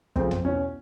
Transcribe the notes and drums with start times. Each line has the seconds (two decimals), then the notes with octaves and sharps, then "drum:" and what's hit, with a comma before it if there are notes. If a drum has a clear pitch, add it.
0.16 D2 C#3 F3 C4, drum: kick
0.31 C4, drum: tom
0.44 C2 B2 C#4